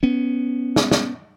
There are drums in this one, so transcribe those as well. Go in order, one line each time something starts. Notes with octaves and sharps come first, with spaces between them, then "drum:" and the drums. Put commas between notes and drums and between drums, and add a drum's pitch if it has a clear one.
B3 C#4
drum: snare
drum: snare